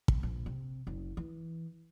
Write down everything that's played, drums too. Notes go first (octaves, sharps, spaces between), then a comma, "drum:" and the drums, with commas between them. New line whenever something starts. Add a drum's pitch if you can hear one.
drum: kick
A#1
C3
F#1
E3